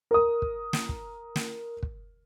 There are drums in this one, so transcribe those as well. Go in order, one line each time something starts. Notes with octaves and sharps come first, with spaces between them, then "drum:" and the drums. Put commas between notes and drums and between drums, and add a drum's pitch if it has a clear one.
A#4 D#6
drum: kick
drum: snare
drum: kick
drum: snare
drum: kick